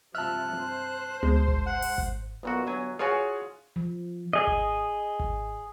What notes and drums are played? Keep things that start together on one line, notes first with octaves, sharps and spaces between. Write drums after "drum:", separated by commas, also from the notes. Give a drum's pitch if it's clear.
G2 C3 F3 E5 A5 F6 F#6
C5
D2 G#3, drum: tom B3
drum: kick G#1
F#5
drum: open hi-hat
drum: kick G#1
B1 A#2 B3 F#4
G1 F#3 G#5
F4 F#4 G#4 C#5 G#5
F3
G#4 D#5
drum: kick G#1
drum: kick G#1